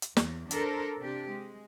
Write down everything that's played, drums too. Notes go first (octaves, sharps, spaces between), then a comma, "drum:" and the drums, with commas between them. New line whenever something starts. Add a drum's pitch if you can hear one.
drum: hi-hat
E2, drum: snare
D4 A4 A#4 C5, drum: hi-hat
C3 D4 G4
G#3